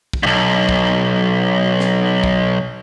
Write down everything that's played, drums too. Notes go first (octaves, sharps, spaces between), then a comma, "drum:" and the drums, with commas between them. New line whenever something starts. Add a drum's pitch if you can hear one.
drum: kick
B1 G2
drum: kick
drum: snare
drum: kick